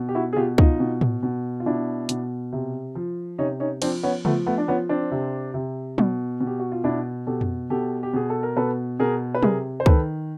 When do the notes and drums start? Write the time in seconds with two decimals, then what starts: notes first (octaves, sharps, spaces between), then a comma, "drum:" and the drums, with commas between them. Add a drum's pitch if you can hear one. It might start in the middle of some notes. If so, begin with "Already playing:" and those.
Already playing: B2
0.09 G4
0.15 E4 F#4
0.33 G#4
0.36 B2 F4 G4
0.58 D#4 F4, drum: kick C#2
0.80 B2
1.01 drum: tom A2
1.23 B2
1.60 F4
1.66 B2 D4 E4
2.09 B2, drum: hi-hat
2.52 C3
2.95 F3
3.38 C3 C#4 D#4
3.60 C#4 D#4
3.82 F3 C4 D4, drum: cymbal
4.03 B3 C#4
4.25 F3 A3 B3, drum: tom C#3
4.46 A3 B3
4.58 D4
4.68 F3 B3 C#4
4.89 C4 D4
5.11 C3
5.54 C3
5.98 B2, drum: tom F#3
6.40 B2
6.47 G4
6.59 F#4
6.72 F4
6.84 B2 D4 E4
7.27 B2 G4 A4
7.41 drum: tom F2
7.70 B2 G4 A4
8.03 G4
8.14 B2 G#4
8.30 A4
8.43 A#4
8.56 B2 A4 B4
8.99 B2 G#4 A#4
9.35 B4
9.43 C3 G#4 A#4, drum: tom F#3
9.80 C5
9.86 D#3 A4 B4, drum: kick C#2